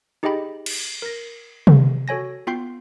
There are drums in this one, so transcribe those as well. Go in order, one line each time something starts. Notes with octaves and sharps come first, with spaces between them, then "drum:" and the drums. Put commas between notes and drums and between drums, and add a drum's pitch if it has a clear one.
D#4 G4 G#4 D#5 G5 B5
drum: cymbal
A#4 A#6
drum: tom C3
F#4 A4 C#5 G#5 A#6
B3 F4 G5 C6 G6 C7